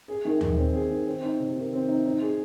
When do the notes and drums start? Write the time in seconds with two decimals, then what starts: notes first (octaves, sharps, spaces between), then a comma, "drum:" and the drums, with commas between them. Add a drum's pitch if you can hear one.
0.08 G#4
0.25 D#3
0.41 D#3, drum: tom D#2
0.57 C4
0.74 G#4
0.90 D#3
1.07 C4
1.23 D#4
1.40 C3
1.56 D#3
1.73 C4
1.88 D#4
2.06 D#4
2.21 G#4